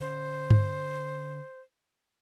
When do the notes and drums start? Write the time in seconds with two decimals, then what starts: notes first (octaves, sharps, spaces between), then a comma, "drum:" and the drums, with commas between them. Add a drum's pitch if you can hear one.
0.01 D3 C#4 C5
0.50 drum: tom G2